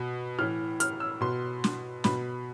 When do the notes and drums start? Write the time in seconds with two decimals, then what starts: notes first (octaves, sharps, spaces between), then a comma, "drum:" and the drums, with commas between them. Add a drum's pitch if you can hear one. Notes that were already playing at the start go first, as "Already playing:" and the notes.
Already playing: B2
0.38 A2 E3 F6
0.80 F6, drum: hi-hat
1.00 E6
1.21 B2 C6
1.64 drum: snare
2.04 B2 B5, drum: snare